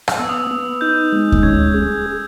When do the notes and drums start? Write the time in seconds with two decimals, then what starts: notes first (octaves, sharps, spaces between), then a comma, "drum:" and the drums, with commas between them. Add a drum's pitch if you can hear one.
0.08 drum: rim click
0.19 B3 E6
0.29 D#6
0.39 E6
0.51 B3
0.81 D#4 G6
1.12 G#3
1.32 drum: kick D2
1.43 C#4 G#6
1.74 G#4